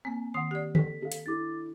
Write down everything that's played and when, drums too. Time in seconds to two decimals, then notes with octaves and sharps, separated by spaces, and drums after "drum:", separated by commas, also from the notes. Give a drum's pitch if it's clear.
0.05 A#3 C4 G#5
0.34 D#3 F#5 C6 D#6 C7
0.51 G4 D5
0.75 A4 B6, drum: tom D3
1.02 A4 F5
1.12 drum: hi-hat
1.26 D4 E4 A4 D6 A6